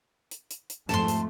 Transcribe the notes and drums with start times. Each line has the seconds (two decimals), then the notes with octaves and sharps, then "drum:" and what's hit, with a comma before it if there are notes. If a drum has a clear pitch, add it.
0.31 drum: hi-hat
0.51 drum: hi-hat
0.70 drum: hi-hat
0.89 F2 G#2 A3 A5 C6, drum: snare
1.08 drum: hi-hat